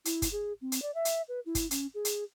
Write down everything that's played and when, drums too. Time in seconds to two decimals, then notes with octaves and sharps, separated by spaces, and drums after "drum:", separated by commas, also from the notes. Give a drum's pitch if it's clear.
0.05 E4, drum: hi-hat
0.22 drum: kick, hi-hat
0.32 G#4
0.61 C4
0.72 drum: hi-hat
0.82 D5
0.95 E5
1.05 drum: hi-hat
1.28 B4
1.46 E4
1.55 drum: kick, hi-hat
1.71 C#4, drum: hi-hat
1.94 G#4
2.05 drum: hi-hat